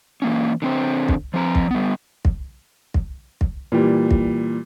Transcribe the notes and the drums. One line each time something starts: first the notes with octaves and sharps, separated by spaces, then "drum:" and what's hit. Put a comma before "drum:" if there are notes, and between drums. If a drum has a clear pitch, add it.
E3 A#3 C#4
D3 C4 C5
drum: kick
F3 C4 A#5
drum: kick
G3 B3
drum: kick
drum: kick
drum: kick
A#2 E3 G3
drum: kick